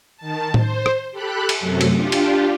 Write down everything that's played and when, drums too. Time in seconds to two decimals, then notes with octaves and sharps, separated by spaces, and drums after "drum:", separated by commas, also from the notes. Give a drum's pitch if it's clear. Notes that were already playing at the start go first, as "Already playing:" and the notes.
0.17 D#3 A5
0.54 C5, drum: tom A2
0.86 drum: rim click
1.12 G4 A4 B5 F#6
1.49 drum: cymbal
1.60 F#2 C3 F#3 A3
1.81 drum: cymbal
1.95 D4 F4 G4
2.12 drum: cymbal